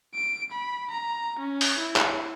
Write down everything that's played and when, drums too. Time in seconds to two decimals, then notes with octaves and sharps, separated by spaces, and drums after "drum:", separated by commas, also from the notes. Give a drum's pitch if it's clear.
0.14 D7
0.52 B5
0.91 A#5
1.39 C#4
1.61 drum: open hi-hat
1.79 E4
1.96 drum: clap